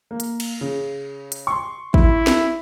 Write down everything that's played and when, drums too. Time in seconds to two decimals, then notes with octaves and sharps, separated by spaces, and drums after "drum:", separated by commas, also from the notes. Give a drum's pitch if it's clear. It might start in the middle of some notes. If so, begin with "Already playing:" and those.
0.11 A#3
0.20 drum: hi-hat
0.40 drum: cymbal
0.61 C#3
1.32 drum: hi-hat
1.47 C6 C#6
1.94 E4, drum: kick
2.27 drum: snare